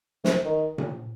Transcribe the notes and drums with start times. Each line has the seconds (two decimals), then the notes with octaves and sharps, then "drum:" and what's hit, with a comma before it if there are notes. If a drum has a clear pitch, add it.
0.24 C3, drum: snare
0.45 D#3
0.78 drum: tom A#2